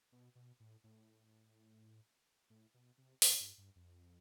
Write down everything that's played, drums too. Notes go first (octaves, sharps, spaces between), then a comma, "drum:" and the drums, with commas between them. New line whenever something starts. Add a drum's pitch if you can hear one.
B2
B2
A2
A2
A2
B2
C3
B2, drum: open hi-hat
G2
G2
F2